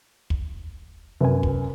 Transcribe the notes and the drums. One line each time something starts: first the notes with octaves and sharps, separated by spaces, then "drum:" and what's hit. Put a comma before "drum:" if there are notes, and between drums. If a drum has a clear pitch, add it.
drum: kick
F#2 C3 B4 G#5
drum: kick